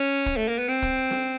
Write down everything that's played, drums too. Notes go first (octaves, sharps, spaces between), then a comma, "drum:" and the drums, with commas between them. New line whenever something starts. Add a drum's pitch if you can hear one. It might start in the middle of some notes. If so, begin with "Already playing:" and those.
Already playing: C#4
drum: kick, hi-hat
A3
A#3
B3
C4
drum: kick, hi-hat
drum: snare